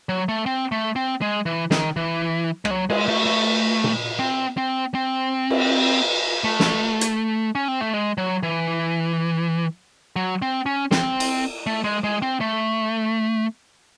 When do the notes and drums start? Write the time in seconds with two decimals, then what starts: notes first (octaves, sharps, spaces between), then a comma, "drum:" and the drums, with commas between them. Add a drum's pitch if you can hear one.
0.09 F#3
0.29 A3
0.46 C4
0.72 A3
0.96 C4
1.21 G#3
1.46 E3
1.71 D#3, drum: snare
1.96 E3
2.65 G#3, drum: rim click
2.71 F#3
2.90 G#3, drum: cymbal
3.08 A3
3.26 A3
3.84 drum: tom A#2
4.19 C4
4.57 C4
4.95 C4
5.50 drum: cymbal
6.44 A3
6.60 drum: snare
7.01 drum: hi-hat
7.55 C#4
7.68 C4
7.81 A3
7.93 G#3
8.18 F#3
8.43 E3
10.16 F#3
10.42 C4
10.66 C#4
10.91 C4, drum: snare
11.20 drum: cymbal
11.67 A3
11.84 G#3
12.04 G#3
12.22 C4
12.40 A3